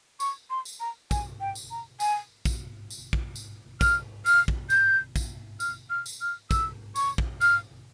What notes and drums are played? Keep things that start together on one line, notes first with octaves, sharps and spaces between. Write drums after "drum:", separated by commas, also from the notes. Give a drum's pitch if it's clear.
C#6, drum: tambourine
C6
drum: tambourine
A#5
G#5, drum: kick, tambourine
G5
drum: tambourine
A#5
G#5, drum: tambourine
drum: kick, tambourine
drum: tambourine
drum: kick
drum: tambourine
F6, drum: kick, tambourine
F6, drum: tambourine
drum: kick
G6, drum: tambourine
drum: kick, tambourine
F6, drum: tambourine
F6
drum: tambourine
F6
E6, drum: kick, tambourine
C#6, drum: tambourine
drum: kick
F6, drum: tambourine